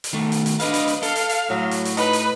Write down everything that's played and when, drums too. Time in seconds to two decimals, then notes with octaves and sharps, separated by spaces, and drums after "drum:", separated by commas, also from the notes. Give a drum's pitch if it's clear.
0.04 drum: hi-hat
0.13 D#3 A3
0.32 drum: hi-hat
0.46 drum: hi-hat
0.60 D4 B4 D#5 F5, drum: hi-hat
0.74 drum: hi-hat
0.88 drum: hi-hat
1.03 A4 F5, drum: hi-hat
1.16 drum: hi-hat
1.30 drum: hi-hat
1.50 A2 F#3
1.71 drum: hi-hat
1.85 drum: hi-hat
1.97 D#4 B4, drum: hi-hat
2.13 drum: hi-hat